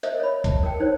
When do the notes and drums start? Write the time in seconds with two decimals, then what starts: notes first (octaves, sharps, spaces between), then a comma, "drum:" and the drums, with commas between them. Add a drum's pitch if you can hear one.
0.03 A#4 C5 D#5 E5, drum: hi-hat
0.20 C#5 B5
0.44 A5, drum: kick C2, hi-hat
0.63 A#4 G5
0.80 D#4 C5 C#5